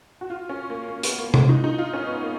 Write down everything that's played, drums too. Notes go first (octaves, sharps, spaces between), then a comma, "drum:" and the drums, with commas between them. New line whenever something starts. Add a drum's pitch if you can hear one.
F#4
F4
C#4
A#3
A#3
B3, drum: hi-hat
A#3
G#3, drum: tom
D#4
D#4
F4
C#4
B3
A#3